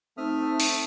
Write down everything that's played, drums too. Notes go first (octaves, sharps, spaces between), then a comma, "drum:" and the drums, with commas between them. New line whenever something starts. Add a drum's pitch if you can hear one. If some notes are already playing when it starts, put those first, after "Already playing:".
A3 C4 D#4 E5 D#6 F6
drum: open hi-hat